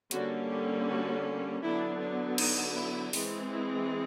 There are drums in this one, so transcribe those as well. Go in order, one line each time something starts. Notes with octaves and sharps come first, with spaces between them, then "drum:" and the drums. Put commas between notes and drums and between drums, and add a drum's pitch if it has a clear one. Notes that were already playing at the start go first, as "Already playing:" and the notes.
D3 G3 A#3 C#4 F#4, drum: hi-hat
G4
F#4
D3 F#3 B3 D4 E4
D4
D#4, drum: cymbal
E4
E3 G#3 C4, drum: open hi-hat
E4